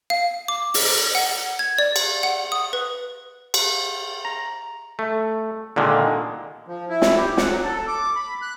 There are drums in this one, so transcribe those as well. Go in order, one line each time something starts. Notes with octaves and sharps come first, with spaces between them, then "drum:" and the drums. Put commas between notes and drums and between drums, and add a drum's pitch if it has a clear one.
F5
D6
drum: open hi-hat
F#5
G#6
D5
drum: cymbal
F#5
D#6
B4
drum: cymbal
A#5
A3
A#2 D3 D#3 G#3
F3
E4
drum: snare
G4
F#5, drum: snare
F#3
A4
D6
B5
F#6